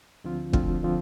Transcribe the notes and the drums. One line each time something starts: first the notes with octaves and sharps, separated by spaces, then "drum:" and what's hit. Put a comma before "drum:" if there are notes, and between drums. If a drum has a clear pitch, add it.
D2 D3 F3 C4 F4
D2 D3 F3 C4 F4, drum: kick
D3 F3 C4 F4